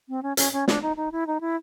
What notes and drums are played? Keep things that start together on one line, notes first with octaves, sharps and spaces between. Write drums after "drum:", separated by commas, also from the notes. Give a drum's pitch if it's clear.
C4
C#4
C#4, drum: hi-hat
C#4
D4, drum: snare
D#4
D#4
E4
D#4
E4